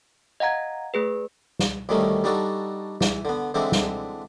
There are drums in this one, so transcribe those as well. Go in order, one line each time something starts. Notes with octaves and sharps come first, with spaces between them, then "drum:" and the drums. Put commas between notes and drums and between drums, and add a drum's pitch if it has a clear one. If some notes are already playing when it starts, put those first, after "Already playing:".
D#5 F5 F#5 A#5 G#6
A3 G#4 B4
drum: snare
D2 D#3 G3 A3 C#4 D#4
G3 D4 D#4 F#4 A4
E3, drum: snare
D3 B3
D3 E3 G#3 C4 D4 E4
drum: snare